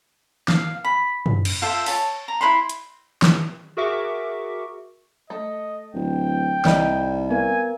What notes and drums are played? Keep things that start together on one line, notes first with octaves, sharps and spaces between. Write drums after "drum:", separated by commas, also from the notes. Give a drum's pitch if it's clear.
F5, drum: snare
B5
drum: tom
drum: cymbal
F4 A4 C5 E5
C#5 A5, drum: open hi-hat
A#5
E4 C5 B5 C6
drum: hi-hat
drum: snare
F#4 G#4 A#4 E5 C#6 D6
A3 D#5
D1 G5
C2 G3 D#4 D#5, drum: snare
B3 A#4 G#5